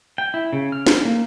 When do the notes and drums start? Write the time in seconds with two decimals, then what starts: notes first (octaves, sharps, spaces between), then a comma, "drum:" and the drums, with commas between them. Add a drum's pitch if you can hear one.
0.18 G5
0.34 E4
0.53 C#3
0.72 F6
0.86 drum: snare
1.05 A#3